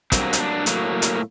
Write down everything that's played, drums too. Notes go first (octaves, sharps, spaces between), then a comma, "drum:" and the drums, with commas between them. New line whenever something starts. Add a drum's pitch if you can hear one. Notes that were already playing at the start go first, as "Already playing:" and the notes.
G2 F#3 A#3 C4, drum: kick, hi-hat
C4, drum: hi-hat
D4
A2 F#3 A#3, drum: hi-hat
drum: hi-hat